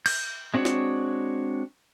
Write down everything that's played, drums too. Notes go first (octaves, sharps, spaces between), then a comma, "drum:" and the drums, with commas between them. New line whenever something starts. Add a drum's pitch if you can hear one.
G6, drum: cymbal
G#3 C4 D4 F#4 C#5
drum: snare